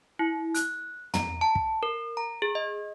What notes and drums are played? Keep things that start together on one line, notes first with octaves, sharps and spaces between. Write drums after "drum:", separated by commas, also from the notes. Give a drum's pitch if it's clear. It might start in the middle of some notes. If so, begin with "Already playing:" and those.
E4
F#6, drum: hi-hat
A#5, drum: tom
A5
drum: kick
A#4
A#5
G#4
D#5